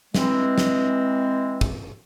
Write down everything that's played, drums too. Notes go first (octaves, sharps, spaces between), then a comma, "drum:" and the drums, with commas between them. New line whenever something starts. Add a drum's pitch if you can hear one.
E3 G#3 C4, drum: snare
drum: snare
drum: kick